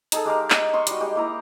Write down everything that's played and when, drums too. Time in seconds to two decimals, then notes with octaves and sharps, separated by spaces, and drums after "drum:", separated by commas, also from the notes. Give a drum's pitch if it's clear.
0.12 D#4 G#4 A4, drum: hi-hat
0.25 G#3 G4 A#4 F5
0.50 drum: clap
0.73 D#5 C6 C#6
0.87 G3 F#4, drum: hi-hat
1.00 G#3 G4
1.15 A#3 E4 A#5